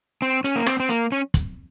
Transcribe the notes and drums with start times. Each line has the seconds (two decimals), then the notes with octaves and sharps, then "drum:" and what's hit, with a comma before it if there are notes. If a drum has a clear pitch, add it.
0.22 C4
0.44 C#4, drum: hi-hat
0.56 A#3
0.66 C4, drum: rim click
0.80 C4
0.89 A#3, drum: hi-hat
1.12 C#4
1.34 drum: kick, hi-hat